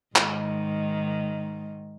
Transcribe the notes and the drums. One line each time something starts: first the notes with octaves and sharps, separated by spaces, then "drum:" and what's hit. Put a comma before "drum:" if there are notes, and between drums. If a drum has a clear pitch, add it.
G#2 D#3, drum: clap